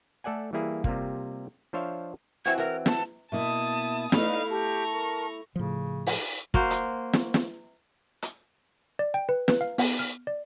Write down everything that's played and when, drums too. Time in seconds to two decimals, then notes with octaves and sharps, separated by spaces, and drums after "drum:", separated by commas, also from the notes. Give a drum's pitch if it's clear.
0.24 A3 A4 D5 F#5 G#5
0.53 E3 G3 A#3 E4 G#4
0.84 C3 G3 A#3 F4, drum: kick
1.73 F3 D4 C5 C#5 E5 F5
2.46 E3 C4 F#4 G#6
2.58 E3 A#4
2.86 A5, drum: snare
3.32 B2 A#3 E4 E5 A5 D#6
4.12 A3 D#4 E4 B4 D5 F5 B5, drum: snare
4.50 G4 A5 A#5 C#6
4.91 A#4
5.56 A2 C#3 F3
6.06 drum: open hi-hat
6.54 A#3 F#4 C5, drum: kick
6.71 drum: hi-hat
7.13 drum: snare
7.34 drum: snare
8.22 drum: hi-hat
8.99 D5
9.14 G5
9.29 B4
9.48 B4, drum: snare
9.61 F5
9.78 B3, drum: open hi-hat
9.99 F6
10.27 D5